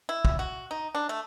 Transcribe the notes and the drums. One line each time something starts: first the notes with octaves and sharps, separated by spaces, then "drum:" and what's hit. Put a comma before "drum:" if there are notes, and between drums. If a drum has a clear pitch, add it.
E4
drum: kick
F#4
D#4
D4
A3